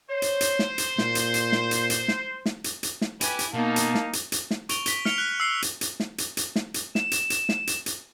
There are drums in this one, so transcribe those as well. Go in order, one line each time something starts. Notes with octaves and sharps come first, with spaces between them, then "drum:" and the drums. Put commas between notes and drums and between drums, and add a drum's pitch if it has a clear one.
C5 C#5
drum: hi-hat
drum: hi-hat
drum: snare
drum: hi-hat
A#2, drum: snare
drum: hi-hat
drum: hi-hat
drum: snare
drum: hi-hat
drum: hi-hat
drum: snare
drum: snare
drum: hi-hat
drum: hi-hat
drum: snare
E4 G4 B4 G#5, drum: hi-hat
drum: hi-hat
B2 A#3 D#4 F5 A5
drum: hi-hat
drum: snare
drum: hi-hat
drum: hi-hat
drum: snare
C#6 D7 F7 G7, drum: hi-hat
B6 G7, drum: hi-hat
F6 C#7 F7 G7, drum: snare
F#6
E6 C7
drum: hi-hat
drum: hi-hat
drum: snare
drum: hi-hat
drum: hi-hat
drum: snare
drum: hi-hat
E7, drum: snare
drum: hi-hat
drum: hi-hat
drum: snare
drum: hi-hat
drum: hi-hat